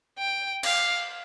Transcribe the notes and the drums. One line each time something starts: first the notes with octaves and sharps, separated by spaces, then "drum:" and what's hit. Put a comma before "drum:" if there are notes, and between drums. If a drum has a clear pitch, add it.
G5
F5, drum: cymbal